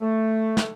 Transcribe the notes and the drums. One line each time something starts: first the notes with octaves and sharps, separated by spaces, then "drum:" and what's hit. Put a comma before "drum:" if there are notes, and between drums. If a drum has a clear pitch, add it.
A3
drum: snare